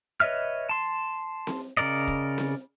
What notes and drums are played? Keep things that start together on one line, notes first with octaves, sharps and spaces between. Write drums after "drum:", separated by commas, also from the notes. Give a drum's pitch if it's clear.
B4 C#5 D#5 E5 F6
A5 C6
drum: snare C4
C#3 F3 A#4 D5 D#5
drum: kick
drum: snare C4